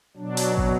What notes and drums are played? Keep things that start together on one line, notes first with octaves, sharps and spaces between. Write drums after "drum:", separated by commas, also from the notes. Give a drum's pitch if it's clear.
B2 F#3 D4
drum: hi-hat
drum: kick